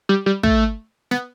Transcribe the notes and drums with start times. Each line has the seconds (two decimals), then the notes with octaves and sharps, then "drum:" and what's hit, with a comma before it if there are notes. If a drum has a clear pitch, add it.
0.09 G3
0.26 G3
0.43 A3, drum: kick
1.11 B3, drum: snare